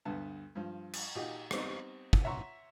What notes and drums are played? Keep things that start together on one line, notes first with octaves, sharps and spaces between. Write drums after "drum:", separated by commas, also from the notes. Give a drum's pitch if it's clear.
D2 G2 B3 A5
G2 F3
drum: cymbal
A#2 D#4 F#4 G4
G3 B3 C4 D#4, drum: rim click
drum: kick
C#5 E5 F#5 A#5 C6 C#6